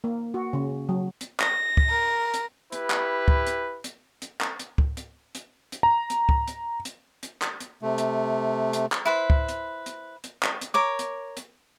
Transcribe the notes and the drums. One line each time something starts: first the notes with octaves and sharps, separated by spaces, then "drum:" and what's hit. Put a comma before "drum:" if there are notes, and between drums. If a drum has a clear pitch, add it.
A#3
F#4
C#3
F#3
drum: hi-hat
A#6, drum: clap
drum: kick C#2
A#4
drum: hi-hat
E4 G4 B4, drum: hi-hat
drum: clap
drum: kick C#2
drum: hi-hat
drum: hi-hat
drum: hi-hat
drum: clap
drum: hi-hat
drum: kick C#2
drum: hi-hat
drum: hi-hat
drum: hi-hat
A#5
drum: hi-hat
drum: kick C#2
drum: hi-hat
drum: hi-hat
drum: hi-hat
drum: clap
drum: hi-hat
C3 A3
drum: hi-hat
drum: hi-hat
drum: clap
E4 B4 C5
drum: kick C#2
drum: hi-hat
drum: hi-hat
drum: hi-hat
drum: clap
drum: hi-hat
A#4 C#5 D6
drum: hi-hat
drum: hi-hat